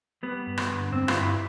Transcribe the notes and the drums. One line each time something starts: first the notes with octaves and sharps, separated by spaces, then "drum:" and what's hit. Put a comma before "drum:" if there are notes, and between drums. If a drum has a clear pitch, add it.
G3 B3
G2
drum: rim click
D3
G2 C4
F4, drum: rim click
G3 E4